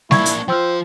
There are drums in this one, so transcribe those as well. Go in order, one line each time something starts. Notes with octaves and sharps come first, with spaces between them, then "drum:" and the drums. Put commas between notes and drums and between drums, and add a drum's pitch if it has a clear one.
A#3 D4 E4 C#6 G#6, drum: snare G3
drum: hi-hat
F3 F4 C5 G5 E6 F6